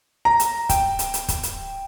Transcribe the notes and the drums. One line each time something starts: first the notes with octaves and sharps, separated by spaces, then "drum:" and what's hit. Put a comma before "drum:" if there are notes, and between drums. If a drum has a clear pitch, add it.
A#5
drum: hi-hat
G5, drum: kick, hi-hat
drum: hi-hat
drum: hi-hat
drum: kick, hi-hat
drum: hi-hat